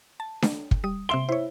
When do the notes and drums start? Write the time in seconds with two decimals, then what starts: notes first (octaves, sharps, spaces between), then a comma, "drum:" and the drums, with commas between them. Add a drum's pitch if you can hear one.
0.20 A5
0.42 drum: snare D4
0.71 drum: kick
0.84 G3 D#6
1.09 C3 E5 C6 D7 G7
1.29 E4 C5 C#5